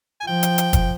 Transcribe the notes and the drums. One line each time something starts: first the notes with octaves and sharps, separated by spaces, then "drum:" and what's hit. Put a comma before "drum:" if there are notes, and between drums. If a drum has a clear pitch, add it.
G#5
F3 G5
drum: hi-hat
drum: hi-hat
drum: kick, hi-hat